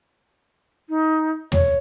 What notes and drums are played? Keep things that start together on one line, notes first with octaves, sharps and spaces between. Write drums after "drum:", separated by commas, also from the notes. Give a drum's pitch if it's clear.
D#4
C#5, drum: tom